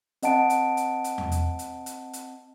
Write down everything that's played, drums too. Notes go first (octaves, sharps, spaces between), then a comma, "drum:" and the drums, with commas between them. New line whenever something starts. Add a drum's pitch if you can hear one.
C4 D#5 F#5 A5 D7, drum: hi-hat
drum: hi-hat
drum: hi-hat
drum: hi-hat
drum: tom E2
drum: hi-hat
drum: hi-hat
drum: hi-hat
drum: hi-hat